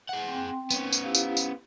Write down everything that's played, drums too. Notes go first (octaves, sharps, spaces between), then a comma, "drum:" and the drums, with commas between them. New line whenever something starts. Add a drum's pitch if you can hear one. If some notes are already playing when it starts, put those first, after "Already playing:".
G#4 F#5
C4 G5 C6
B3 C#4, drum: tambourine
drum: tambourine
E4 G4 F5
drum: tambourine
drum: tambourine